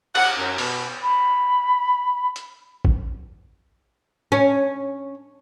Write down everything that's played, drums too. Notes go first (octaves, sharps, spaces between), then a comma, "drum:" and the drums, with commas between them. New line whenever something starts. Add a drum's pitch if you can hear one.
F#5, drum: cymbal
F#2
B2, drum: open hi-hat
B5
drum: hi-hat
drum: kick A1
C#4